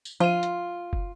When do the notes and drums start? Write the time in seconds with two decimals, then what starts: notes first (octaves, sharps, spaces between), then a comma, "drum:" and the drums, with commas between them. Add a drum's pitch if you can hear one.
0.05 drum: tambourine
0.20 F3 F4 D#7
0.43 drum: hi-hat
0.93 drum: kick